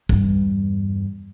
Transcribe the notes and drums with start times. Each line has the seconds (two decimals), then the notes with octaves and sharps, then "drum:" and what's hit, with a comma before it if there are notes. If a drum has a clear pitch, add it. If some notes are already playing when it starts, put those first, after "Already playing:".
0.09 E2 G2, drum: kick